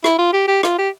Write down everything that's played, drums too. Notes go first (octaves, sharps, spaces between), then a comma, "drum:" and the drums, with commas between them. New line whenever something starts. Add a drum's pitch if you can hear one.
E4, drum: rim click
F4
G4
G4
F4, drum: rim click
G4